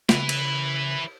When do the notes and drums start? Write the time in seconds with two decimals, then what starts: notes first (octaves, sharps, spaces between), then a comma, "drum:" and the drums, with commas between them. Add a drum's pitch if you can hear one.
0.09 C#3 E4 B4, drum: snare
0.29 drum: cymbal